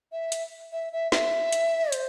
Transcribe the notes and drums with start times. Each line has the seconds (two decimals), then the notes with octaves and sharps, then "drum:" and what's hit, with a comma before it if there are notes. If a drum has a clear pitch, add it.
0.12 E5
0.32 drum: hi-hat
0.72 E5
0.93 E5
1.12 E5, drum: snare
1.52 drum: hi-hat
1.92 C5, drum: hi-hat